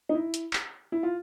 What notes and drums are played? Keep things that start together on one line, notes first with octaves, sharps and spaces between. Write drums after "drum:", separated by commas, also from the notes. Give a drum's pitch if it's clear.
D#4
E4
drum: hi-hat
drum: clap
E4
F4